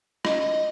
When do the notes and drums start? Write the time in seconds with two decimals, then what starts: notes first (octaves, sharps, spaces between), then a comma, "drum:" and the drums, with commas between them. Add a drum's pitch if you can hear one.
0.25 D#5, drum: rim click